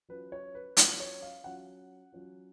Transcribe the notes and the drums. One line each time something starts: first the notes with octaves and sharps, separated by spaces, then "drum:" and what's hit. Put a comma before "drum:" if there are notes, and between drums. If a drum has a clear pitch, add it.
F#3 C#4 F4 B4
C#5
B4
F#3 C#4 F4 B4, drum: hi-hat
C#5
F5
F#3 C#4 F4 F#5
F#3 C#4 F4